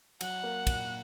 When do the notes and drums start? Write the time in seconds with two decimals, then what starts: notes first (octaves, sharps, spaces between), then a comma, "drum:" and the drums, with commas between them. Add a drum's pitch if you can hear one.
0.21 F#3 F#5, drum: cymbal
0.43 A#3
0.67 A#2, drum: kick, cymbal